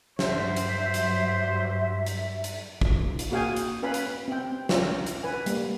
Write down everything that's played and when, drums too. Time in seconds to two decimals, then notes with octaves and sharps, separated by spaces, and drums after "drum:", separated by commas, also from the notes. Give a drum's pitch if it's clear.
0.19 G2 F#3 C5 E5, drum: snare
0.56 drum: hi-hat
0.94 drum: hi-hat
2.06 drum: hi-hat
2.44 drum: hi-hat
2.81 drum: kick
3.19 drum: hi-hat
3.31 A#3 F#4 G#4 F5 G5 G#5
3.56 drum: hi-hat
3.83 C#4 B4 F5 G#5 B5
3.94 drum: hi-hat
4.28 C4 G5
4.69 C#4 F4 C5, drum: snare
5.06 drum: hi-hat
5.23 B4 G#5
5.46 G3 A#3, drum: hi-hat